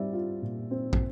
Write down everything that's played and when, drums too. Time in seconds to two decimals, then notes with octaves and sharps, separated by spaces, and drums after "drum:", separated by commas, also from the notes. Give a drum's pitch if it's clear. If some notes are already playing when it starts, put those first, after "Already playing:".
Already playing: G3 C4 D5 E5
0.13 F4
0.42 A#2
0.71 C4
0.93 drum: kick